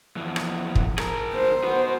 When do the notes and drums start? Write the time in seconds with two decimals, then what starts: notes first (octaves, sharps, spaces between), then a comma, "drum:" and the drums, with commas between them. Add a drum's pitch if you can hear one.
0.16 F2 E3
0.36 drum: rim click
0.75 drum: kick
0.98 G#4 A#4, drum: rim click
1.34 C5
1.64 F#4 B4